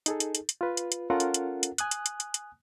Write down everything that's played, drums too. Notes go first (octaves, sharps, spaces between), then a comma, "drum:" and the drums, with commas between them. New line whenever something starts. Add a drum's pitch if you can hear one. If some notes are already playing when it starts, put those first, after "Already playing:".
D#4 G#4 A4, drum: hi-hat
drum: hi-hat
drum: hi-hat
drum: hi-hat
F4 B4
drum: hi-hat
drum: hi-hat
C#4 F4 A4 A#4 F#5
drum: hi-hat
drum: hi-hat
drum: hi-hat
G#5 D#6 F#6, drum: hi-hat
drum: hi-hat
drum: hi-hat
drum: hi-hat
drum: hi-hat